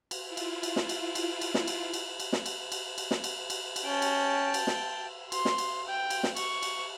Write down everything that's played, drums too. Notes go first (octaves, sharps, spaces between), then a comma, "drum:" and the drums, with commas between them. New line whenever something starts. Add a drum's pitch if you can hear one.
drum: cymbal
E4 F4
drum: cymbal
drum: cymbal
drum: snare
drum: cymbal
drum: cymbal
drum: cymbal
drum: snare
drum: cymbal
drum: cymbal
drum: cymbal
drum: snare
drum: cymbal
drum: cymbal
drum: cymbal
drum: snare
drum: cymbal
drum: cymbal
drum: cymbal
C#4 G5 A5
drum: cymbal
drum: cymbal
drum: snare
C6, drum: cymbal
drum: snare
drum: cymbal
G5
drum: cymbal
drum: snare
C#6, drum: cymbal
drum: cymbal